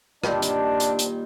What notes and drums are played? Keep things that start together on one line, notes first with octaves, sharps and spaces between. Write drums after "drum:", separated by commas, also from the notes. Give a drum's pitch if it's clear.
A#2 D#3 G3 D4, drum: rim click
drum: hi-hat
drum: hi-hat
drum: hi-hat